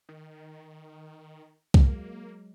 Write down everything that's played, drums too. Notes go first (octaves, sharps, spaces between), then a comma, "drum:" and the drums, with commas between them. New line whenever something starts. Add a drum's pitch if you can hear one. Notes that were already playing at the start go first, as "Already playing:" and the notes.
D#3
F#3 G#3 A#3, drum: kick C2